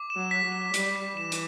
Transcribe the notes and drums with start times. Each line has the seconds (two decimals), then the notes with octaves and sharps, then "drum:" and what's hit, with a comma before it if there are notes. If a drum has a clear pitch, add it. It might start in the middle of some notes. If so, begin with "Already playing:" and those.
Already playing: D6
0.10 E7
0.16 F#3
0.31 B6
0.45 F#3
0.52 E7
0.74 G3 D6, drum: hi-hat
0.96 B6
1.17 E3 E7
1.32 drum: hi-hat